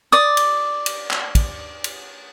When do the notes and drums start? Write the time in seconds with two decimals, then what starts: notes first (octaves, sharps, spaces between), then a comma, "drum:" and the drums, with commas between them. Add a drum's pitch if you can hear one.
0.12 D5 D#6
0.37 drum: cymbal
0.86 drum: cymbal
1.11 drum: clap
1.35 drum: kick, cymbal
1.84 drum: cymbal